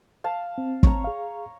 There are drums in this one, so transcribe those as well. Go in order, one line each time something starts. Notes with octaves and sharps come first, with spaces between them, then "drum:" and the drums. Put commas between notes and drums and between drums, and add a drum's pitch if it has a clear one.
F5 A5
C4
C#5 A#5, drum: kick
G#4 F5